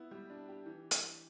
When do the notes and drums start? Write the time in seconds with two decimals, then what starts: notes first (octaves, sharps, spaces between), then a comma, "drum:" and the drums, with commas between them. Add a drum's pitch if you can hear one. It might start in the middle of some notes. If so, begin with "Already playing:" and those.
Already playing: B3 E4
0.11 G3
0.30 D4
0.48 G4
0.66 E3
0.91 drum: hi-hat